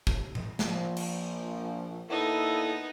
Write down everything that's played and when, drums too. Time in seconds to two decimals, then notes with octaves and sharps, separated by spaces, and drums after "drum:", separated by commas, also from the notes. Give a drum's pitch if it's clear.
0.07 drum: kick
0.35 drum: tom A2
0.59 A#1 F3, drum: snare
0.97 drum: cymbal
2.10 A#2 B3 D#4 E4 A4